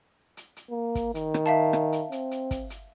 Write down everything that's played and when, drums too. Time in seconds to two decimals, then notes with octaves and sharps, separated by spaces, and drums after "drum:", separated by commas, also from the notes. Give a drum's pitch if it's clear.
0.37 drum: hi-hat
0.57 drum: hi-hat
0.70 A#3
0.95 drum: kick, hi-hat
1.15 D#3, drum: hi-hat
1.34 drum: rim click
1.46 E5 F5 A5
1.73 drum: rim click
1.92 drum: hi-hat
2.12 C4, drum: hi-hat
2.31 drum: hi-hat
2.51 drum: kick, hi-hat
2.70 drum: hi-hat